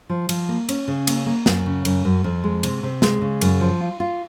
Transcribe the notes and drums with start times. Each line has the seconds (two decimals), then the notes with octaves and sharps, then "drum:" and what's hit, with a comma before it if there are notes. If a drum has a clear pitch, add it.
0.10 F3
0.29 F3, drum: cymbal
0.49 A#3
0.69 C#4, drum: cymbal
0.88 C#3
1.07 A#3, drum: cymbal
1.26 A#3
1.46 F#2, drum: snare
1.66 C#3
1.85 F#2, drum: cymbal
2.05 F#2
2.24 F2
2.44 G#3
2.63 C3, drum: cymbal
2.83 C3
3.02 G#3, drum: snare
3.22 C#3
3.41 F#2, drum: cymbal
3.61 F3
3.81 F4
4.00 F4